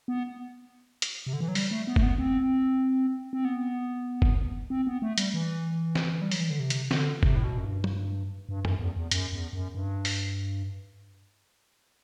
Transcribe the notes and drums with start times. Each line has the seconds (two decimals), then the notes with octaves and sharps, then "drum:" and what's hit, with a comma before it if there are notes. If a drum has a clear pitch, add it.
0.08 B3
1.02 drum: hi-hat
1.27 C3
1.33 D3
1.41 E3
1.48 F#3
1.55 G3, drum: open hi-hat
1.71 A3
1.87 B3
1.96 A3, drum: kick
2.03 B3
2.18 C4
3.33 C4
3.45 B3
4.22 drum: kick
4.70 C4
4.87 B3
5.02 A3
5.18 G3, drum: hi-hat
5.34 E3
5.95 drum: snare
6.22 G3
6.32 F#3, drum: open hi-hat
6.40 E3
6.50 D3
6.60 C3
6.70 drum: hi-hat
6.91 D3, drum: snare
7.23 C3, drum: kick
7.36 A2
7.44 B2
7.58 F#2
7.64 G2
7.84 drum: tom
8.49 G2
8.65 F#2, drum: tom
8.80 E2
8.96 E2
9.11 F#2, drum: hi-hat
9.33 E2
9.53 F#2
9.75 G2
10.05 drum: open hi-hat